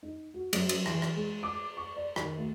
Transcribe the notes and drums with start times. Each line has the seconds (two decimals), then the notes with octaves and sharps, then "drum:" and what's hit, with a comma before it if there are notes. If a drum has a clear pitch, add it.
0.03 D#4
0.34 F#4
0.53 F#2, drum: cymbal
0.69 drum: cymbal
0.86 E3, drum: rim click
1.02 drum: rim click
1.16 G#3
1.43 D6
1.77 C#6
1.96 D5
2.16 D#3, drum: rim click
2.38 D2